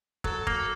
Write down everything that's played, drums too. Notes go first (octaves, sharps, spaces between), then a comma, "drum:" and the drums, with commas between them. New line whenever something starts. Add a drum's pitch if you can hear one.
F#3 A4, drum: kick
A#3, drum: kick